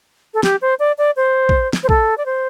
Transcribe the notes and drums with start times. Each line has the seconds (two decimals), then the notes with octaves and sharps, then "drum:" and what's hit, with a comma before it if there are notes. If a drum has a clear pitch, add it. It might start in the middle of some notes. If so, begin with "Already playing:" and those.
0.34 A4
0.43 G4, drum: snare
0.61 C5
0.79 D5
0.98 D5
1.16 C5
1.49 drum: kick
1.73 drum: snare
1.83 C5
1.89 A4, drum: kick
2.18 D5
2.26 C5